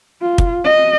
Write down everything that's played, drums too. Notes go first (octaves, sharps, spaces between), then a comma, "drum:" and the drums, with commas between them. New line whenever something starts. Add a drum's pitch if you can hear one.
F4
drum: kick
D#5